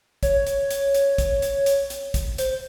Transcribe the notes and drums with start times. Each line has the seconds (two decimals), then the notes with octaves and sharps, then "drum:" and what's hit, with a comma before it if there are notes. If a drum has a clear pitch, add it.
0.23 C#5, drum: kick, hi-hat
0.47 drum: hi-hat
0.71 drum: hi-hat
0.94 drum: hi-hat
1.18 drum: kick, hi-hat
1.42 drum: hi-hat
1.66 drum: hi-hat
1.90 drum: hi-hat
2.14 drum: kick, hi-hat
2.38 C5, drum: hi-hat